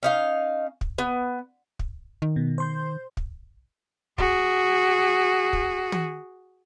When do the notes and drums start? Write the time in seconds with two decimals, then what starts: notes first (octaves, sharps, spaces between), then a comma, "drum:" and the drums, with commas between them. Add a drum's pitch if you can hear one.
0.03 C#4 D#4 F5
0.81 drum: kick
0.98 B3
1.79 drum: kick
2.22 D#3
2.36 B2
2.58 C5 C6 G6
3.17 drum: kick
4.18 F#4 G#4, drum: kick
5.53 drum: kick
5.92 drum: tom